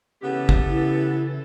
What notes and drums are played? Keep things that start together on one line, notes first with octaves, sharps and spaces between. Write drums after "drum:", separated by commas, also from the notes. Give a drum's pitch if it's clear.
C#3 E3 B3 G4 A4
drum: kick
E4